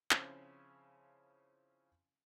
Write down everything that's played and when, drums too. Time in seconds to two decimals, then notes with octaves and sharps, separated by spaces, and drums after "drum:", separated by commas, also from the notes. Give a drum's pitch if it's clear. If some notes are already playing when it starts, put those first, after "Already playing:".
0.11 C#3 F3 C4 C#4 E4, drum: clap